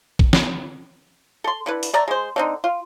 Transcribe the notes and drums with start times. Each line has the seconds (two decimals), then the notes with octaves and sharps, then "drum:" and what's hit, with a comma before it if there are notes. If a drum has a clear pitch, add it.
0.19 drum: kick A1
0.33 drum: snare
1.44 A4 C6
1.66 D3 E4 B4
1.83 drum: open hi-hat
1.93 A3 D5 A#5
2.08 G#3 C5
2.36 D3 C4 D#4
2.64 F4